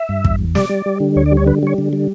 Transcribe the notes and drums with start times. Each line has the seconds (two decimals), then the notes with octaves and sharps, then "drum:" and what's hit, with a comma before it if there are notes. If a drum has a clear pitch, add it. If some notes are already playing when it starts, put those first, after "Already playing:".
Already playing: E5
0.09 G2
0.24 E2, drum: kick
0.39 E2
0.55 G3 D5, drum: snare
0.69 G3
0.86 G3
1.00 D3
1.16 D2 C#5
1.26 D5
1.32 G3
1.37 C#5
1.46 D3 B4
1.63 G3 C#5
1.78 D3
1.93 G3